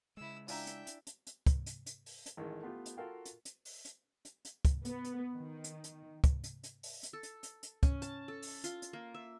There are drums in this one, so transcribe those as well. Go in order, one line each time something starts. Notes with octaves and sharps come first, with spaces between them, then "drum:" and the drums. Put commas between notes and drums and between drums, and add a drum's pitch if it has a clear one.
C#3 G#3 E4 E6
D4 E4 F4 E5 G5 G#5 A#5, drum: open hi-hat
drum: hi-hat
drum: hi-hat
drum: hi-hat
drum: hi-hat
drum: kick, hi-hat
drum: hi-hat
drum: hi-hat
drum: open hi-hat
drum: hi-hat
A1 D#3 G#3
A3 B3 F4 G4
drum: hi-hat
F4 F#4 A4 A#4 F5 G5
drum: hi-hat
drum: hi-hat
drum: open hi-hat
drum: hi-hat
drum: hi-hat
drum: hi-hat
drum: kick, hi-hat
B3, drum: hi-hat
drum: hi-hat
D#3
drum: hi-hat
drum: hi-hat
drum: kick, hi-hat
drum: hi-hat
drum: hi-hat
drum: open hi-hat
drum: hi-hat
A4
drum: hi-hat
drum: hi-hat
drum: hi-hat
C#4, drum: kick, hi-hat
A5, drum: hi-hat
A4
drum: open hi-hat
F4, drum: hi-hat
drum: hi-hat
A#3
E5